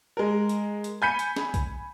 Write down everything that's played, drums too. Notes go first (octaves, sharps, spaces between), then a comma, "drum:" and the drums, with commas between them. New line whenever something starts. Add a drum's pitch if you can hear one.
G#3 A#4
drum: hi-hat
drum: hi-hat
G#5 B5 G6 B6 C#7 D#7
drum: hi-hat
drum: snare
drum: kick A#1, hi-hat